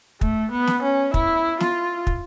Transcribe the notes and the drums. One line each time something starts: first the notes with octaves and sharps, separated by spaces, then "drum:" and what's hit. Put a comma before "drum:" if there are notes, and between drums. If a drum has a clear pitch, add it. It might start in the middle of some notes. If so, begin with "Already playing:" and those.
A3, drum: kick
B3
drum: snare
C#4
E4, drum: kick
F4, drum: snare
drum: kick